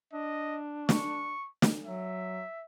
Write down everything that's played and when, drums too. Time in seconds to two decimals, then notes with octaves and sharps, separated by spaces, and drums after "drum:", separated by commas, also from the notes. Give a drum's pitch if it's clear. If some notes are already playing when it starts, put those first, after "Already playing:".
0.13 D4 D#5
0.89 C#6, drum: snare
1.62 drum: snare
1.86 F#3 E5